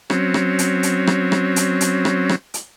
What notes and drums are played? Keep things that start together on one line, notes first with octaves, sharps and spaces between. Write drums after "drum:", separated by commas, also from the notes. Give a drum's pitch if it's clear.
F#3 C4 C#4, drum: rim click
drum: rim click
drum: hi-hat
drum: hi-hat
drum: rim click
drum: rim click
drum: hi-hat
drum: hi-hat
drum: rim click
drum: rim click
drum: hi-hat